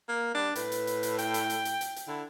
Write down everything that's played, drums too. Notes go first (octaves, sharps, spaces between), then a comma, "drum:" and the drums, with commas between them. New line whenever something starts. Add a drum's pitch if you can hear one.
A#3
G3 D4
A2 B4, drum: hi-hat
drum: hi-hat
drum: hi-hat
drum: hi-hat
G5, drum: hi-hat
drum: hi-hat
drum: hi-hat
drum: hi-hat
drum: hi-hat
drum: hi-hat
D3 E4